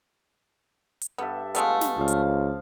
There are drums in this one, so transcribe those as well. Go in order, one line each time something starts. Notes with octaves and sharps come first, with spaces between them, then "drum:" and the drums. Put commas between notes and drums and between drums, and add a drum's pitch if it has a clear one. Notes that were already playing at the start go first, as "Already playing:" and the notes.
drum: hi-hat
G2 B3 A4 E5
G#3 A3 B3 F4, drum: hi-hat
drum: snare
C#2 F3 F5
drum: hi-hat